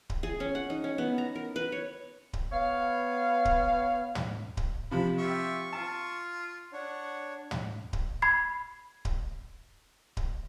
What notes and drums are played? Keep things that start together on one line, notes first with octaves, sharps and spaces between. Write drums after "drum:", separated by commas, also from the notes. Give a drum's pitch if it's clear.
drum: kick D1
G#4
C#4
F#5
D#4
C#4
B3
A#5
A#4
B4
C#5
drum: kick D1
B3 C#5 F5
drum: kick D1
drum: tom
drum: kick D1
C3 F3 B5
F4 G4 E5 C#6
F4 A5
D4 C#5 F#5
drum: tom
drum: kick D1
B5 G#6 C7
drum: kick D1
drum: kick D1